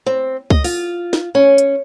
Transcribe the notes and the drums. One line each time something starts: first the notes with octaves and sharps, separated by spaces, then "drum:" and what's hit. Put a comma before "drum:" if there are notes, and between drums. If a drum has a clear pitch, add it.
C4
D#5, drum: kick C#2
F4, drum: open hi-hat
drum: snare
C#4
drum: hi-hat